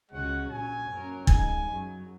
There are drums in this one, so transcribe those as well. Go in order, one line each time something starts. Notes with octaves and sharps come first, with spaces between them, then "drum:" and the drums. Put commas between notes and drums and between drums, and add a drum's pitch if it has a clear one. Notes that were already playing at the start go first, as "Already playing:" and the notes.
C#2 C#3 G#3 C#4 F#4 F#5
A#1 A#2 F#3 C#4 G#5
F#2 F#3 A#3 C#4 A#4
C#2 C#3 G#3 D#4 G#5, drum: kick
F#2 C#3 F#3